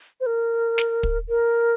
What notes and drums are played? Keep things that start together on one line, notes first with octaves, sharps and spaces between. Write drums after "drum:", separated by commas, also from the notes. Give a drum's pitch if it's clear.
C5
A#4
drum: snare
drum: kick
A#4